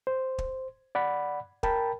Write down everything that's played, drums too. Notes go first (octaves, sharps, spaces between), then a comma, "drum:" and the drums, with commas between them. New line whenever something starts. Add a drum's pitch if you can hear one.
C5
drum: kick
D5 F#5 B5
A#4 G5 A5 B5, drum: kick